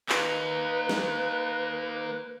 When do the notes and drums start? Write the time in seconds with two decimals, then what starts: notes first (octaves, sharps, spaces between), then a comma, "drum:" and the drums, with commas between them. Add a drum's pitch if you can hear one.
0.09 A#3 D#4 B4, drum: clap
0.89 drum: snare